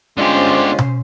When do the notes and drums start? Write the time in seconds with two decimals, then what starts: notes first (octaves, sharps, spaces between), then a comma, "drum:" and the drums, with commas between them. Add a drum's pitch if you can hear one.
0.17 D3 G#3 C#4 F4 G4 C5
0.78 drum: tom B2